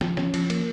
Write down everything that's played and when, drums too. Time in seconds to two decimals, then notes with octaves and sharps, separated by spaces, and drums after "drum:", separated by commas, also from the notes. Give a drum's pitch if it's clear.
0.01 F3, drum: snare
0.17 C#4, drum: snare
0.34 F3, drum: cymbal
0.50 A#3, drum: cymbal